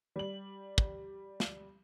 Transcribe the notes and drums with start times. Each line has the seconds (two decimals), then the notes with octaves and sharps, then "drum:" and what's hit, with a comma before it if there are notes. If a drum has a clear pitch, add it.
0.16 G3 F#7
0.78 drum: kick
1.40 drum: snare